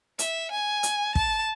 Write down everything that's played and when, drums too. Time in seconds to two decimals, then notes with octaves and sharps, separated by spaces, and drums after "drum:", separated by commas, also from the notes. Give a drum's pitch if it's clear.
0.19 E5, drum: hi-hat
0.51 G#5
0.83 drum: hi-hat
1.15 A5, drum: kick